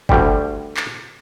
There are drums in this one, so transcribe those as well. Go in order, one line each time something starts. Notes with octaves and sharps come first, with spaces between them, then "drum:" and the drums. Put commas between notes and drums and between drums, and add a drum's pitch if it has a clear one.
D2 G3, drum: kick
drum: clap